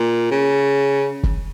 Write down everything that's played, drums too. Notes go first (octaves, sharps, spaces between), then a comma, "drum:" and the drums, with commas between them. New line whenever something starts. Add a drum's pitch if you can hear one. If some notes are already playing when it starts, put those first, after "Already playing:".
Already playing: A#2
C#3
drum: kick